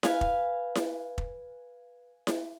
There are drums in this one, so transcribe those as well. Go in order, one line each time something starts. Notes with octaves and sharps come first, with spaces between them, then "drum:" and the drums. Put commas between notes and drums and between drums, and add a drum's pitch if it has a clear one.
B4 F5 G#5, drum: snare E4
drum: kick
drum: snare E4
drum: kick
drum: snare E4